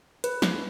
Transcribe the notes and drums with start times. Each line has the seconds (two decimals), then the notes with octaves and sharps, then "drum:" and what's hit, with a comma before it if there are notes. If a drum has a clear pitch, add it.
0.24 B4, drum: hi-hat
0.42 drum: snare